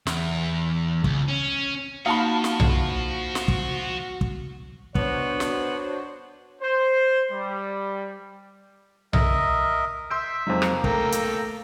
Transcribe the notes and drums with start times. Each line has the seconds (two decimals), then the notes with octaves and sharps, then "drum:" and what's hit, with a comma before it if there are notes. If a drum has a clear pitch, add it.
0.07 E2, drum: snare
1.04 C#2, drum: kick
1.29 C#4
2.06 F3 A#3 D#4 F#4 F5 A5 B5
2.44 drum: snare
2.60 drum: tom B1
3.35 drum: snare
3.48 drum: kick
4.21 drum: kick
4.95 B3 D4 F#4 C5 C#5, drum: kick
5.40 drum: snare
6.62 C5
7.31 G3
9.13 A#4 D#5 E5, drum: tom B1
10.10 E5 C6 E6 G6 D7
10.47 F2 F#3 G#3 A#3 D#4 C5
10.62 drum: rim click
10.84 A3 A4 A#4 G5 A#5, drum: kick
11.12 drum: hi-hat